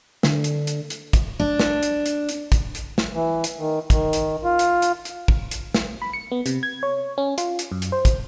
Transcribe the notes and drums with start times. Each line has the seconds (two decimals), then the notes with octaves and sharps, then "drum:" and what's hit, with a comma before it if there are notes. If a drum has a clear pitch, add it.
0.23 D3, drum: snare
0.44 drum: hi-hat
0.67 drum: hi-hat
0.90 drum: hi-hat
1.13 drum: kick, hi-hat
1.40 D4
1.60 drum: snare
1.83 drum: hi-hat
2.06 drum: hi-hat
2.29 drum: hi-hat
2.52 drum: kick, hi-hat
2.75 drum: hi-hat
2.98 drum: snare
3.14 E3
3.44 drum: hi-hat
3.58 D#3
3.90 D#3, drum: kick, hi-hat
4.13 drum: hi-hat
4.44 F4
4.59 drum: hi-hat
4.82 drum: hi-hat
5.05 drum: hi-hat
5.28 drum: kick
5.51 drum: hi-hat
5.74 drum: snare
6.02 B5
6.13 C#7
6.32 B3
6.46 C3, drum: hi-hat
6.63 G#6
6.83 C#5
7.18 C#4
7.38 F4, drum: hi-hat
7.59 drum: hi-hat
7.72 F#2
7.82 drum: hi-hat
7.92 C5
8.05 drum: kick, hi-hat